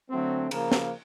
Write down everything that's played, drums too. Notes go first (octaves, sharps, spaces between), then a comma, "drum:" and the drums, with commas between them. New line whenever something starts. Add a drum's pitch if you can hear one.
D3 F#3 A3 C4
C#3 F3 A#3 A#4, drum: cymbal
drum: snare